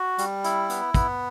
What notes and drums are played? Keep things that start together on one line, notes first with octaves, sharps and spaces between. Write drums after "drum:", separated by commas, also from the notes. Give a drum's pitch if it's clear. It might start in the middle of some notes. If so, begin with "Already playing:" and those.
Already playing: F#4
G3, drum: hi-hat
E4, drum: hi-hat
B3, drum: hi-hat
B3, drum: kick, hi-hat